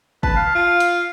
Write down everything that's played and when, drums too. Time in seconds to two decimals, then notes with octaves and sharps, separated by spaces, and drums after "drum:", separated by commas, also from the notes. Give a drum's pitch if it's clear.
0.23 B4 A5, drum: kick
0.36 F5
0.55 F4
0.80 drum: hi-hat